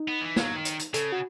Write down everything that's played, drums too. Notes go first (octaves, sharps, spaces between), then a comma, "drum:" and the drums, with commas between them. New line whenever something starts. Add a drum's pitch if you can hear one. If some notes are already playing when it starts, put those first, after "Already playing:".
Already playing: D#4
B3
E3
F#3, drum: snare
D#3
drum: hi-hat
drum: hi-hat
C#3 A4, drum: hi-hat
F#4